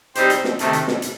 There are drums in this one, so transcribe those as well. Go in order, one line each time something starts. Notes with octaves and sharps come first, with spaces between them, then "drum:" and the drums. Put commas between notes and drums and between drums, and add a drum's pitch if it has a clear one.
G3 C4 D#4 G4 C5, drum: hi-hat
drum: hi-hat
drum: snare
C3 D#3 A3, drum: hi-hat
drum: hi-hat
drum: snare
drum: hi-hat